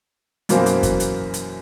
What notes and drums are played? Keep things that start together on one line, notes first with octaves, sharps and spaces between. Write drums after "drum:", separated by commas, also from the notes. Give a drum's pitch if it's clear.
F#2 B2 E3 A#3 C5, drum: hi-hat
drum: hi-hat
drum: kick F#1, hi-hat
drum: hi-hat
drum: hi-hat